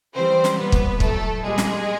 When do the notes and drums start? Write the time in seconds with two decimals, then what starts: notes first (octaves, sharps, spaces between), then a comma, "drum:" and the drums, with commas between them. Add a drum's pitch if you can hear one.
0.15 C#3 E3 G3 C4 C5
0.44 drum: snare
0.58 A#2 G3 B3 B4
0.72 drum: kick
1.00 A2 F#3 A3 A4, drum: kick
1.43 A#2 G3 G#3 G#4
1.58 drum: snare